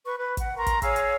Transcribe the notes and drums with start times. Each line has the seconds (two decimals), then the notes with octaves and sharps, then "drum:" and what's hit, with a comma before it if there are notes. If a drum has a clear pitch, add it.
0.04 B4 C#6
0.17 B4
0.37 F#5, drum: kick, hi-hat
0.56 A#4 A#5 C6 C#6
0.67 drum: kick, hi-hat
0.82 G#4 C#5 F5 E6, drum: kick, hi-hat
0.96 drum: hi-hat